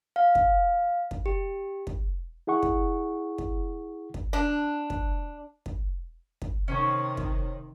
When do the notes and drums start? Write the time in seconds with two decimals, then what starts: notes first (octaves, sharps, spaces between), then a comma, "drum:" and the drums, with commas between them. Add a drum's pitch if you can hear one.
0.16 F5
0.35 drum: kick
1.11 drum: kick
1.26 G4
1.87 drum: kick
2.47 E4 G#4 F#5 C#6
2.63 drum: kick
3.38 drum: kick
4.14 drum: kick
4.33 D4
4.90 drum: kick
5.66 drum: kick
6.42 drum: kick
6.68 C3 D#3 C#4 C5 C#5
7.17 drum: kick